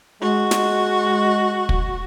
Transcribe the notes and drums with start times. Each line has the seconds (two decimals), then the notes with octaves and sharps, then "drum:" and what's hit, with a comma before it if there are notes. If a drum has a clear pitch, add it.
0.22 G#3 F#4
0.51 drum: snare
1.69 drum: kick